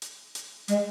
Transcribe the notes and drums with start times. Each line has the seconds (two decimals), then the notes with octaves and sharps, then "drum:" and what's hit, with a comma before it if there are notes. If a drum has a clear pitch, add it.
0.02 drum: hi-hat
0.35 drum: hi-hat
0.68 G#3, drum: hi-hat